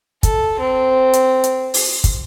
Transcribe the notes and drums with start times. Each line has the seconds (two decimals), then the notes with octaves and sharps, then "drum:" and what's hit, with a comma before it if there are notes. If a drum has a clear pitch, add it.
0.23 A4, drum: kick, hi-hat
0.59 C4
1.13 drum: hi-hat
1.44 drum: hi-hat
1.74 drum: open hi-hat
2.04 drum: kick, hi-hat